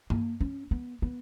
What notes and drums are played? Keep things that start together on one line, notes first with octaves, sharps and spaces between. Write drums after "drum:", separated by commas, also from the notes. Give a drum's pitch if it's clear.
A#3, drum: tom G2
C#4
B3
B3